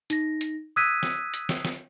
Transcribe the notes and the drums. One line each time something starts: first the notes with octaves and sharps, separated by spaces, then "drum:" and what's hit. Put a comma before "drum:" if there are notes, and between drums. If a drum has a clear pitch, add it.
D#4 A#6, drum: hi-hat
drum: hi-hat
D#6 E6 F#6 G#6 B6 D#7
drum: snare
drum: hi-hat
drum: snare
drum: snare